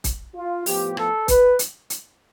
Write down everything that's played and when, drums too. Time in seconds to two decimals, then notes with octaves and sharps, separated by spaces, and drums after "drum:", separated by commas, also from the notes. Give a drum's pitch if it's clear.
0.04 drum: kick, hi-hat
0.35 F4
0.66 A2 F3 B3 G4, drum: open hi-hat
0.97 A4, drum: rim click
1.28 B4, drum: kick, hi-hat
1.59 drum: hi-hat
1.90 drum: hi-hat